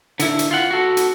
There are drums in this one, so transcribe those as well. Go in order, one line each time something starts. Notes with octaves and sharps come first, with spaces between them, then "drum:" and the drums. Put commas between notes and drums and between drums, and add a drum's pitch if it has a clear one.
D3 E4, drum: hi-hat
drum: hi-hat
F4 F#5
F#4 A4
drum: hi-hat